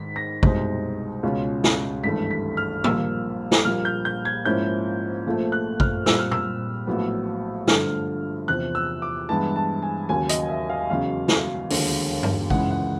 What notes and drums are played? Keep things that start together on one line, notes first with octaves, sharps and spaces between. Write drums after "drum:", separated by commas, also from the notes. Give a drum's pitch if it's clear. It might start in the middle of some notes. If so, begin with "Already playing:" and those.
Already playing: G#2 D#3 G#3 B6
A#6
C2 B2 G#3 C4 D#4, drum: kick
C#2 B2 G#3 C#4 F4
drum: snare
G#1 G2 E3 A3 B6
B6
F6
A#1 A#2 G3 A#3 E6, drum: tom D#3
drum: snare
A#1 A#2 G3 A#3 F6
G6
G6
G#6
G#2 F3 A#3 C#4 E4 G6
A#1 A#2 F3 A3
F#6
F6, drum: kick
A#2 G3 C4 E6, drum: snare
F6
E6, drum: tom
A#1 A2 F#3 B3
G2 D3 F3 A3 F6, drum: snare
E2 C3 F3 F#6
E6
D6
G2 E3 G#3 B3 E4 A5
A5
G#5
D#2 C#3 F#3 G#5
D#5, drum: hi-hat
E5
F5
E1 E2 C#3 F#3 F5
drum: snare
E1 D#2 D3, drum: open hi-hat
drum: tom G2
C#2 C#3 E3 G#3 F#5, drum: kick
F#5